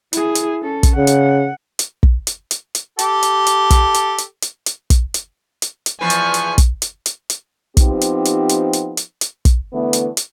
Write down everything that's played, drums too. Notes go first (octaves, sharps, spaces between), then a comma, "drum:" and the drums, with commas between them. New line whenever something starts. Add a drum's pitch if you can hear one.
E4 G#4, drum: hi-hat
drum: hi-hat
C#4 A4
drum: kick, hi-hat
C#3 F#5
drum: hi-hat
drum: hi-hat
drum: kick
drum: hi-hat
drum: hi-hat
drum: hi-hat
G4 A4, drum: hi-hat
drum: hi-hat
drum: hi-hat
drum: kick, hi-hat
drum: hi-hat
drum: hi-hat
drum: hi-hat
drum: hi-hat
drum: kick, hi-hat
drum: hi-hat
drum: hi-hat
drum: hi-hat
E2 F3 B4 G#5 C#6
drum: hi-hat
drum: hi-hat
drum: kick, hi-hat
drum: hi-hat
drum: hi-hat
drum: hi-hat
F3 B3 C4 D#4 G4, drum: kick, hi-hat
drum: hi-hat
drum: hi-hat
drum: hi-hat
drum: hi-hat
drum: hi-hat
drum: hi-hat
drum: kick, hi-hat
D3 E3 A3 B3
drum: hi-hat
drum: hi-hat